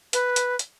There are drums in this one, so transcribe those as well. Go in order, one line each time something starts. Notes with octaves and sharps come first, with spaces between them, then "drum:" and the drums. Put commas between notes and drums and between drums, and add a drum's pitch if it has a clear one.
B4, drum: hi-hat
drum: hi-hat
drum: hi-hat